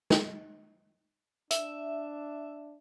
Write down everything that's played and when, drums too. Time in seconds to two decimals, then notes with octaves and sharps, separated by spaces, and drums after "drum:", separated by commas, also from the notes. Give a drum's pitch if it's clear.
0.10 drum: snare
1.51 D4 E5, drum: hi-hat